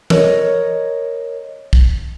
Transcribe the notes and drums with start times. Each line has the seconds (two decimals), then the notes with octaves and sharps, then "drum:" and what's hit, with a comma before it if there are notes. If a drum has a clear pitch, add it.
0.10 A#4 C#5 D#5, drum: tom E3
1.73 drum: kick